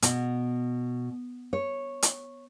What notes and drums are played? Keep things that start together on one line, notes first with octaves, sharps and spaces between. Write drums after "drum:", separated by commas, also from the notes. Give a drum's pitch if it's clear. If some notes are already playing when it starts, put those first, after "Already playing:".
B2, drum: hi-hat
C#5
drum: hi-hat